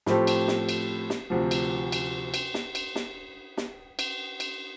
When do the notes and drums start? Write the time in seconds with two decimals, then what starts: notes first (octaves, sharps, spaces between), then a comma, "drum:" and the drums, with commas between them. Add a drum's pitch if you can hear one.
0.06 A2 F3 A3 C4 G4, drum: snare
0.27 drum: cymbal
0.48 drum: snare
0.69 drum: cymbal
1.10 drum: snare
1.30 D2 C3 F3
1.51 drum: cymbal
1.92 drum: cymbal
2.34 drum: cymbal
2.54 drum: snare
2.75 drum: cymbal
2.96 drum: snare
3.57 drum: snare
3.99 drum: cymbal
4.40 drum: cymbal